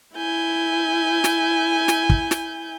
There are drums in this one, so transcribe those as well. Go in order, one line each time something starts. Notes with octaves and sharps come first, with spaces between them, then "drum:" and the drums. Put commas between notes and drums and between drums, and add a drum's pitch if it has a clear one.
E4 G#5 G6
drum: snare
drum: snare
drum: kick
drum: snare